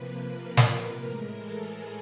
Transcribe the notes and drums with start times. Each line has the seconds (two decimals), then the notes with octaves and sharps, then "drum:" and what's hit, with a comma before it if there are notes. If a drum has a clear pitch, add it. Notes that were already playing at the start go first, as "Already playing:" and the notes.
Already playing: C3 F3 A#3 B4
0.41 A#4
0.57 drum: snare
1.03 A2 E3 G#3
1.32 A4
1.63 G#4